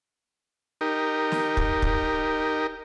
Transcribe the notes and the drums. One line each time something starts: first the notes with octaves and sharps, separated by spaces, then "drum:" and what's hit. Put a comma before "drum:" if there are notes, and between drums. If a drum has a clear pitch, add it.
D#4 G4 A#4
drum: snare
drum: kick
drum: kick